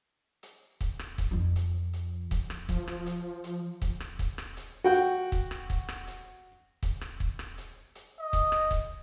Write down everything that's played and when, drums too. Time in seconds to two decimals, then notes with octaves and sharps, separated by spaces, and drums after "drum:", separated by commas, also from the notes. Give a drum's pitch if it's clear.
0.43 drum: hi-hat
0.81 drum: kick, hi-hat
0.99 drum: rim click
1.18 drum: kick, hi-hat
1.31 F2 F3
1.56 drum: hi-hat
1.93 drum: hi-hat
2.31 drum: kick, hi-hat
2.50 drum: rim click
2.69 F3, drum: kick, hi-hat
2.88 drum: rim click
3.06 drum: hi-hat
3.44 drum: hi-hat
3.82 drum: kick, hi-hat
4.00 drum: rim click
4.19 drum: kick, hi-hat
4.38 drum: rim click
4.57 drum: hi-hat
4.84 F#4 G5
4.94 drum: hi-hat
5.32 drum: kick, hi-hat
5.51 drum: rim click
5.70 drum: kick, hi-hat
5.89 drum: rim click
6.07 drum: hi-hat
6.83 drum: kick, hi-hat
7.01 drum: rim click
7.20 drum: kick
7.39 drum: rim click
7.58 drum: hi-hat
7.95 drum: hi-hat
8.20 D#5
8.33 drum: kick, hi-hat
8.52 drum: rim click
8.71 drum: kick, hi-hat